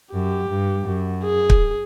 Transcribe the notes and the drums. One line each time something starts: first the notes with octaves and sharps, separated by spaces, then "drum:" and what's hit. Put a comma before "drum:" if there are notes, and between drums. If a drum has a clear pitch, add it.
F#2 G4
G2
F#2
G#4
drum: kick